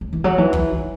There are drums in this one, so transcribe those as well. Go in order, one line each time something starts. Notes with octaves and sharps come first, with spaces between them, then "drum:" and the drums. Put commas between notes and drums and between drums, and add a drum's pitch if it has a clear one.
F#3
E3
F#3
E3
drum: kick
F#3